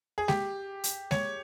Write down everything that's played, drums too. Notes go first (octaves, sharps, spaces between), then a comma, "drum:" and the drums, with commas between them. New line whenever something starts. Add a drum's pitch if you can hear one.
G#4
G4, drum: snare G#3
drum: hi-hat
C#5, drum: snare G#3